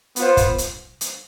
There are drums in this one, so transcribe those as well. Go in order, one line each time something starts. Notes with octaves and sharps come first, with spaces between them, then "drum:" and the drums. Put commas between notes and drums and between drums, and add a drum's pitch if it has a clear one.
B3 F4 C5, drum: hi-hat
drum: kick, hi-hat
drum: hi-hat
drum: hi-hat